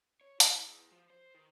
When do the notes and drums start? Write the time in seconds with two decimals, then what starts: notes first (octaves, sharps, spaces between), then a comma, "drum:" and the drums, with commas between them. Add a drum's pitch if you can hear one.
0.21 C#5
0.40 E4, drum: hi-hat
0.66 E2
0.92 F3
1.10 C5
1.35 D#3